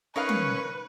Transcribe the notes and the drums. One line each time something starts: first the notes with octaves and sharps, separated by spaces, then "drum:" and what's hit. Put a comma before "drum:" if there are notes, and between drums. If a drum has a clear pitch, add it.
C#4 D#4 A#4 B4 F5 C#6
drum: tom